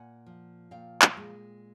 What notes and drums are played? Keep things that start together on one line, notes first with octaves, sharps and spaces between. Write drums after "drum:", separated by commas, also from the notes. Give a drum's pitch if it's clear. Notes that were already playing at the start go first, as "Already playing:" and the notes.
Already playing: A#2 F#5 G#5
F3
A#2 F5 G5
drum: clap
G#3